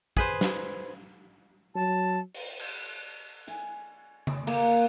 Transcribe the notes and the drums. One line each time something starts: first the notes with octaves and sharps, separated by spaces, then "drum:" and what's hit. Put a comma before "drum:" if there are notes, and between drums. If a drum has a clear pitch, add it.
G#4 B4 C5, drum: kick
drum: snare
F#3 A5
drum: open hi-hat
drum: cymbal
G#5, drum: hi-hat
drum: tom C#3
A#3, drum: cymbal